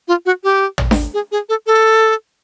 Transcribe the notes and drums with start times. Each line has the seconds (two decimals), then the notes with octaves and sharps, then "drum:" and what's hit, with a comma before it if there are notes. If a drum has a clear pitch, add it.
0.08 F4
0.26 F#4
0.44 G4
0.78 drum: tom
0.91 drum: snare D4
1.14 G#4
1.32 G#4
1.49 A4
1.67 A4